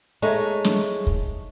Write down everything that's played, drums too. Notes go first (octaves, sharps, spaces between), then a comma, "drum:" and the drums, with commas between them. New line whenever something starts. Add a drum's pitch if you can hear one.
G#3 A3 D#4 C#5
drum: snare
drum: kick